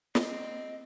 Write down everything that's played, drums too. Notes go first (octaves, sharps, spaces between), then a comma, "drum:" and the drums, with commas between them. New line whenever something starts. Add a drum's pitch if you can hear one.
C4 D#5, drum: snare